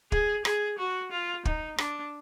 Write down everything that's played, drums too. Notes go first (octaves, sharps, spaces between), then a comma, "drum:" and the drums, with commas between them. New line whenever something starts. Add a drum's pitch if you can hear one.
G#4, drum: kick
G#4, drum: rim click
F#4
F4
D#4, drum: kick
D4, drum: rim click